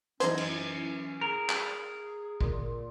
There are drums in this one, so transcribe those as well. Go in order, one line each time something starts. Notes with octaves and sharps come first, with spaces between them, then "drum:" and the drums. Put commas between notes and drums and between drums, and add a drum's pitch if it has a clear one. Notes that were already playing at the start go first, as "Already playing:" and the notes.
F#2 E3 C#4 D#4 C5 G#6, drum: hi-hat
drum: cymbal
G#4 A#4 E7
drum: clap
A#2, drum: kick